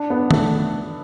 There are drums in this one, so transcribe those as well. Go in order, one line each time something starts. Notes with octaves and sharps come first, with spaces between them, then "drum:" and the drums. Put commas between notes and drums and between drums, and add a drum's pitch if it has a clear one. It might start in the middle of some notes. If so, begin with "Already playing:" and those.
Already playing: D4
B3
A3, drum: tom